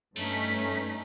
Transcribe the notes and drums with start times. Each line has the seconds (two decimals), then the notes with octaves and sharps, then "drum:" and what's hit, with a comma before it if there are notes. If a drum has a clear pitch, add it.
0.16 G2 A3 C#4 D#4 B6, drum: cymbal